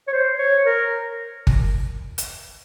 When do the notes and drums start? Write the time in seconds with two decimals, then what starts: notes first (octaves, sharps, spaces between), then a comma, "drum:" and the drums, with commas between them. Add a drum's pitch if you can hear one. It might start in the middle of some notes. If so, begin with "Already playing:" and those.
0.07 C#5
0.13 C5
0.39 C#5
0.66 A#4
1.47 drum: kick G1
2.18 drum: hi-hat